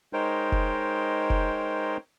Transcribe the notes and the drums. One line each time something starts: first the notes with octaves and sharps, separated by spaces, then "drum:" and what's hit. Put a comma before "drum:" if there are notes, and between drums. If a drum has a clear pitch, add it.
G#3 D#4 A#4 C5 C#5 G5
drum: kick F1
drum: kick F1